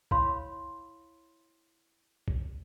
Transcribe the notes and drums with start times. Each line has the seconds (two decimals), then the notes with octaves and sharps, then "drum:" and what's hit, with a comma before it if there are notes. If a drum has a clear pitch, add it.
0.11 E4 C#5 F5 B5 C6, drum: kick B1
2.28 drum: kick B1